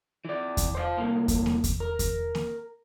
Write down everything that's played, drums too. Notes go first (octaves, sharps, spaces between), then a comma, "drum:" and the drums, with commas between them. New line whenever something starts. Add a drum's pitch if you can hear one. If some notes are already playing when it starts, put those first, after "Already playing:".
E3 D5
drum: kick E2, hi-hat
C5 D5 F5
C2 A2 A#3
drum: kick E2, hi-hat
drum: snare A#3
drum: kick E2, hi-hat
A#4
drum: kick E2, hi-hat
drum: snare A#3